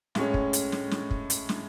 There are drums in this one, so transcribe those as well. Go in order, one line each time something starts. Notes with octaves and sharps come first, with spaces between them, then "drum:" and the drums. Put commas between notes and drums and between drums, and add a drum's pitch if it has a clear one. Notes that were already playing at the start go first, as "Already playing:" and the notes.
A2 G#3 C#4, drum: snare
drum: kick
drum: hi-hat
drum: snare
drum: snare
drum: kick
drum: hi-hat
drum: snare